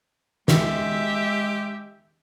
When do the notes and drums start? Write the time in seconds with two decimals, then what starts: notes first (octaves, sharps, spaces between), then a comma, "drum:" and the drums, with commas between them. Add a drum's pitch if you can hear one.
0.48 G#3 G4 E5, drum: snare